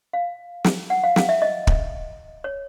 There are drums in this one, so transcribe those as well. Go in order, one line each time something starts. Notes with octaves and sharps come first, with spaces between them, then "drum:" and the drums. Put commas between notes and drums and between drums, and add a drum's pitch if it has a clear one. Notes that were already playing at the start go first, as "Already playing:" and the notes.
F5
drum: snare
F#5
F5
F5, drum: snare
E5
D#5
drum: kick
C#5